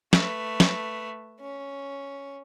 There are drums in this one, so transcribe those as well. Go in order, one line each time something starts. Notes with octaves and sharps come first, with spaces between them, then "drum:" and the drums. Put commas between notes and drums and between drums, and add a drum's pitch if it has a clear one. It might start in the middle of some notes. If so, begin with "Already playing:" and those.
A3 B4, drum: snare
drum: snare
C#4